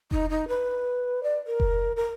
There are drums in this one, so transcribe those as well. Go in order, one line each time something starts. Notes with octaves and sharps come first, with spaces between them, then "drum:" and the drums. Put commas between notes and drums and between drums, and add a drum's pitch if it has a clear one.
D#4, drum: kick F1
D#4
B4
D5
A#4
drum: kick F1
A#4